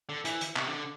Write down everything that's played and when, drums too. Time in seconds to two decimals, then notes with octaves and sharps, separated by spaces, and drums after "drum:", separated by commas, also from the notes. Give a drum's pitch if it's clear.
0.09 D3
0.25 E3, drum: hi-hat
0.41 drum: hi-hat
0.56 C3, drum: clap
0.67 D3